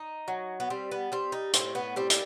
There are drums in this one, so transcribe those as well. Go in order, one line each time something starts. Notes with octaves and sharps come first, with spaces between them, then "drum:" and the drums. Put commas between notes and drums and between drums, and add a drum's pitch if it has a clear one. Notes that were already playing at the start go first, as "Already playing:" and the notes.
Already playing: D#4
F#3
B3
G3 C4
B3
G3 C4
D#4
A2 C4, drum: hi-hat
B3
G3 C4
drum: hi-hat